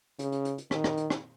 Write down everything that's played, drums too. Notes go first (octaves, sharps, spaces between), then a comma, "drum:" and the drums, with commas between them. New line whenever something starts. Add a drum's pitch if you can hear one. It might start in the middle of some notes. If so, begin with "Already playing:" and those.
C#3, drum: hi-hat
drum: hi-hat
drum: hi-hat
drum: hi-hat
D#3, drum: rim click
drum: rim click
drum: hi-hat
drum: rim click